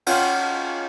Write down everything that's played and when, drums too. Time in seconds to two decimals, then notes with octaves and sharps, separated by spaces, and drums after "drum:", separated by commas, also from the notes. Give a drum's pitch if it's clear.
0.06 C#4 F4 F#5 G5, drum: cymbal